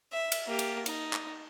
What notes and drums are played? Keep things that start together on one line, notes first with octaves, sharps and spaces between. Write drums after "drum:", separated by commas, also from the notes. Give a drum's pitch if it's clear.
E5
drum: cymbal
A#3 G4
drum: cymbal
D#4, drum: cymbal
drum: clap